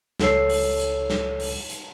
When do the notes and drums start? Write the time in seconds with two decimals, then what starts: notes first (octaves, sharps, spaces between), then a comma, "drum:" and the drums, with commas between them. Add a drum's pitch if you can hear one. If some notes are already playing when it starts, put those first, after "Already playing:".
0.20 C#2 A4 C#5 E6 C7, drum: snare
0.50 drum: open hi-hat
0.80 drum: hi-hat
1.10 drum: snare
1.40 drum: open hi-hat
1.70 drum: hi-hat